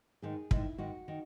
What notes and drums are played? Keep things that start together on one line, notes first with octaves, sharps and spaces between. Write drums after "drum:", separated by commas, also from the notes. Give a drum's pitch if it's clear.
G#2 D#3 G#4
G#2 D#3 E4, drum: kick
G#2 D#3 F#4
D#3